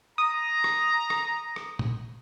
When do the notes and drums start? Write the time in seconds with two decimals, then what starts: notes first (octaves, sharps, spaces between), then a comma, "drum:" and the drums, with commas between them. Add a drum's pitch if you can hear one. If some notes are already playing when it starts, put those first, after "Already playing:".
0.18 A#5 D#6
0.64 drum: rim click
1.10 drum: rim click
1.56 drum: rim click
1.79 drum: tom